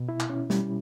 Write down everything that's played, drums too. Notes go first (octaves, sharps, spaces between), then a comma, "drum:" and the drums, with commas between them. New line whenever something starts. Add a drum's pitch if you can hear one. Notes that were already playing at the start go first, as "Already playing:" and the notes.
Already playing: B2
E4
drum: clap
C#4
G3, drum: snare